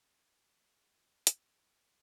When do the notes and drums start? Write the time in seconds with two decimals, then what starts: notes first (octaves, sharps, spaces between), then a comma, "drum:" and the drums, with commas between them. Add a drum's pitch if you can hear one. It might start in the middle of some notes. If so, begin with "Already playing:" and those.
Already playing: D2 B4
0.11 A4
0.34 D3 G#4
0.81 D2
1.27 F3, drum: hi-hat
1.73 D2